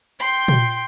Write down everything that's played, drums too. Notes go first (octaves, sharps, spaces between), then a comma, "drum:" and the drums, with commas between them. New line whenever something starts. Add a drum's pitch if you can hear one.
G5 C6, drum: tambourine
drum: tom A#2